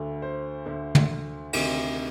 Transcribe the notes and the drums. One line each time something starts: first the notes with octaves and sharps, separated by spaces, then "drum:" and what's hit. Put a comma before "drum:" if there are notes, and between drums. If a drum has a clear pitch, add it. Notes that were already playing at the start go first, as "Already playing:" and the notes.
Already playing: D2 D3
C5
D2 D3
drum: tom
D2 C3 D#3, drum: cymbal